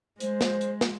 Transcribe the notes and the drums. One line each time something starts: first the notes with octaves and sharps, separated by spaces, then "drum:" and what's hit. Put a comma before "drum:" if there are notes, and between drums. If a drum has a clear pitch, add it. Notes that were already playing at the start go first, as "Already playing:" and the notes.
G#3 C5, drum: hi-hat
drum: snare
drum: hi-hat
drum: snare